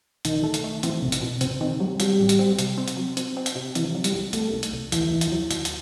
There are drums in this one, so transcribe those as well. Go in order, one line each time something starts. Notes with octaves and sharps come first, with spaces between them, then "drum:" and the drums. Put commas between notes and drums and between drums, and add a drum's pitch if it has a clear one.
B1 D#3, drum: hi-hat
A3
drum: hi-hat
A3
E3 C4, drum: hi-hat
B1 C3
drum: hi-hat
B2
C3 C4, drum: hi-hat
D#3 C4
F#3 G3
F#3 G3, drum: hi-hat
A1
drum: hi-hat
C4
C3, drum: hi-hat
C4
drum: hi-hat
F#3
C4, drum: hi-hat
C4
drum: hi-hat
C3
C3 E3, drum: hi-hat
F#3
G3, drum: hi-hat
C2
C2 A3, drum: hi-hat
C2
drum: hi-hat
C2
D#2 E3, drum: hi-hat
D#2
drum: hi-hat
F#3
D#2, drum: hi-hat
drum: hi-hat